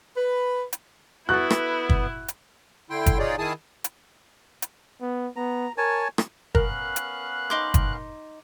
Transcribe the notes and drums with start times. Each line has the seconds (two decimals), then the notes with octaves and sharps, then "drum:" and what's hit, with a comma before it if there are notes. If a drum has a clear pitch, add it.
0.16 B4
0.73 drum: hi-hat
1.29 B3 E4 F#4 A4 F#6
1.50 drum: rim click
1.89 drum: kick
2.28 drum: hi-hat
2.90 D3 E4 G5 C6
3.06 drum: kick, hi-hat
3.19 D#4 F4 G#4 C#5 D5
3.38 D#3 E4 G#4 G#5 A5 D#6
3.84 drum: hi-hat
4.62 drum: hi-hat
5.01 B3
5.36 B3 A#5
5.78 A#4 C#5 G#5 A5
6.18 drum: rim click
6.55 B3 C#4 A#4 F5 F#6, drum: kick
6.96 drum: hi-hat
7.50 D#4 C6 D6
7.74 drum: kick, hi-hat